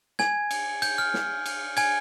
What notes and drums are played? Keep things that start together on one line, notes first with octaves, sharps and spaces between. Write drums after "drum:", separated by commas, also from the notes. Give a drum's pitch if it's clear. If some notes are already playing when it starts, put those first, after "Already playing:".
G#5 G#6, drum: snare
drum: cymbal
G6, drum: cymbal
F6
drum: snare
drum: cymbal
G#5 G#6, drum: cymbal